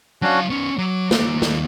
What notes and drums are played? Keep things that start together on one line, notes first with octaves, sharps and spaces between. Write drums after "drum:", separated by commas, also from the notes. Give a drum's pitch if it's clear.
F#3 C#4 D4 F#4 F5
B3 C#4 C#6
F#3 D6
D#2 A#3, drum: snare
drum: snare